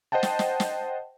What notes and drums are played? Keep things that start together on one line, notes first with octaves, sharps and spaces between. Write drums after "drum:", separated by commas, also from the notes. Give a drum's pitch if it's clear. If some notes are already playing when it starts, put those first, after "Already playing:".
C5 D#5 F#5 G5 A5
drum: snare
drum: snare
drum: snare